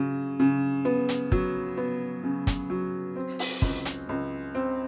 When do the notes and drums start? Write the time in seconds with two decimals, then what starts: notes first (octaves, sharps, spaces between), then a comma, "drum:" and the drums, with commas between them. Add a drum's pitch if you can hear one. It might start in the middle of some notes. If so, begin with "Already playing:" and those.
Already playing: C#3 F#3
0.39 C#3
0.85 B3
1.09 drum: hi-hat
1.32 F#3, drum: kick
1.77 B3
2.24 C#3
2.47 drum: kick, hi-hat
2.70 F#3
3.16 C4
3.39 drum: open hi-hat
3.62 C#2, drum: kick
3.85 drum: hi-hat
4.09 C#2
4.55 C4